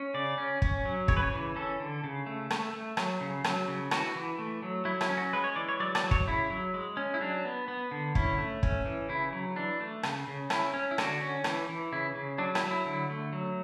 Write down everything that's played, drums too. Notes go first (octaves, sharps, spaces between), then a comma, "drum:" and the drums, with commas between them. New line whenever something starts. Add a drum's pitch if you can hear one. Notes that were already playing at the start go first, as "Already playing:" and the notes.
Already playing: C#4
C#3 D5
C#4
C#4, drum: kick
F#3
C#3 C#5, drum: kick
B4
C#5
E3
C#4 A4
D3
C#3
A3
A3, drum: rim click
A3
F#3, drum: rim click
C#3
F#3, drum: rim click
C#3
E3 F#4, drum: rim click
E3
A3
F#3
F#3 E4
E4, drum: rim click
C#4
F#4
G#3 B4
C#5
E3 D5
C#5
F#3 D5
D5, drum: rim click
F#3
C#5, drum: kick
C#3 E4
F#3
G#3
C#4
E4
F#3 D4
B3
B3
D3
C#4 E4, drum: kick
A3
C#4, drum: kick
E3
C#3 E4
F#3
E3 D4
A3
C#3, drum: rim click
C#3
C#4 E4, drum: rim click
C#4
E4
D3 F#4, drum: rim click
C#4
E3, drum: rim click
E3
C#3 E4
C#3
F#3 D4
E4, drum: rim click
F#3
E4
D3
A3
F#3